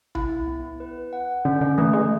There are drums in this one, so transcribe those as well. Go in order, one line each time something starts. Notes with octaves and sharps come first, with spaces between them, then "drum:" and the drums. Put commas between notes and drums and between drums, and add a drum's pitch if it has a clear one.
E4, drum: tom C2
B3
B4
F#5
D3 C#4
D3
E3 A3
G#3